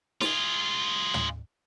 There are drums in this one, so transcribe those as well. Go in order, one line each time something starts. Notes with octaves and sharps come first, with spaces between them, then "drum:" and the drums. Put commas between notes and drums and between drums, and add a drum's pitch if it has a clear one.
F4 G#4, drum: snare
drum: tom